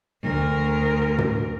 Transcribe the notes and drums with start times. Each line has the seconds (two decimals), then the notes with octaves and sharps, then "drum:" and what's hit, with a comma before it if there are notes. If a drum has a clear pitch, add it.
0.22 D2 A#4
1.18 drum: tom